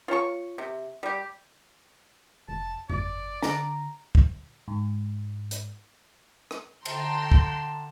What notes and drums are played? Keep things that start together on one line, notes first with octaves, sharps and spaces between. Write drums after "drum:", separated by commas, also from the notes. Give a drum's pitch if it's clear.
F4 C#5 A5 C#6
C3
G3 G4
F1 A5
G1 D5, drum: tom F2
D3 A#5, drum: snare
drum: kick
G#2
drum: hi-hat
drum: rim click
D3 G5 A5 A#5 C6, drum: cymbal
drum: kick